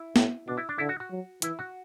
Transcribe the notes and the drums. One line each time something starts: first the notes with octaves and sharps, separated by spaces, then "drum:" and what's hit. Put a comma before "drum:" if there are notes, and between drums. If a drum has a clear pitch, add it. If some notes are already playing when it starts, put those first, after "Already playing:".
Already playing: E4
A2, drum: snare
B2 D4
E4
D4
D3 E4
F#4
F#4
F#3
E3 E4, drum: hi-hat
F#4